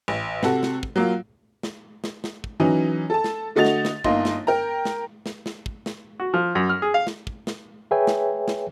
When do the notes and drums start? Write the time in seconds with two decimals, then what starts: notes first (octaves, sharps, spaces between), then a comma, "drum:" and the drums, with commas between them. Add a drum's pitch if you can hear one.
0.08 A1
0.43 C3 F#4 A4, drum: snare
0.63 drum: snare
0.83 drum: kick
0.96 F#3 A#3 F4
1.63 drum: snare
2.04 drum: snare
2.24 drum: snare
2.44 drum: kick
2.60 E3 F#3 C#4 D#4
3.10 A4 A5
3.24 drum: snare
3.56 D3 A3 F#4 D#5 A6 F7
3.65 drum: snare
3.85 drum: snare
4.04 G1 A#3 D#4 D#5 C6, drum: kick
4.25 drum: snare
4.47 A#4 G5 A#5
4.85 drum: snare
5.26 drum: snare
5.46 drum: snare
5.66 drum: kick
5.86 drum: snare
6.20 F#4
6.34 F3
6.55 F#2
6.69 F6
6.82 G#4
6.94 F5
7.07 drum: snare
7.27 drum: kick
7.47 drum: snare
7.91 G#4 B4 C#5 E5 G5 G#5
8.07 drum: snare
8.48 drum: snare